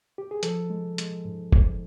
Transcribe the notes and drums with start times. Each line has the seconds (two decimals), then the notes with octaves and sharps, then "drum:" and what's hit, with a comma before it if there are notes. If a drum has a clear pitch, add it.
0.18 G4
0.31 G#4
0.43 F3 A4, drum: hi-hat
0.70 G#3
0.98 G#3, drum: hi-hat
1.25 G#2
1.52 G#2, drum: kick F1